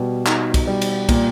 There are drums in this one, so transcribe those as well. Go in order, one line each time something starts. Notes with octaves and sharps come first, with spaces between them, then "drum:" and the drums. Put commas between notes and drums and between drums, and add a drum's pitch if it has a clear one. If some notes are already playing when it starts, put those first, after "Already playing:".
Already playing: B2 G3
D#4, drum: clap
drum: kick, cymbal
G3
drum: cymbal
A#2, drum: kick, cymbal